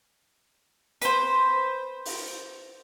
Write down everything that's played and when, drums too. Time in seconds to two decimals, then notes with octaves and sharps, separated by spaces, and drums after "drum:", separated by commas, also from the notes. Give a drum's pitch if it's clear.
1.02 B4 C5, drum: hi-hat
2.05 drum: open hi-hat